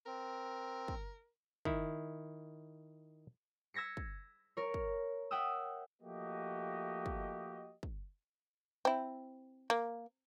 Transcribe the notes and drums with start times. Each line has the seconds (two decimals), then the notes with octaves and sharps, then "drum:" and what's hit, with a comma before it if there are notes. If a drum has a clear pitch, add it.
0.06 C4 A#4
0.88 drum: kick
1.65 D#3 E4, drum: kick
3.74 E6 G#6 A#6 B6 C#7
3.97 drum: kick
4.57 A#4 C#5
4.74 drum: kick
5.31 E5 F#5 G5 D#6 E6
6.02 F3 A3 A#3 F#4 G4 D#5
7.06 drum: kick
7.83 drum: kick
8.85 C4 E4
9.70 A#3